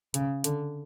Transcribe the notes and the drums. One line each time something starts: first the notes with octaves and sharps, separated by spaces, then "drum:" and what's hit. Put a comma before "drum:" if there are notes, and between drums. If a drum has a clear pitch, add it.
C#3, drum: hi-hat
D3, drum: hi-hat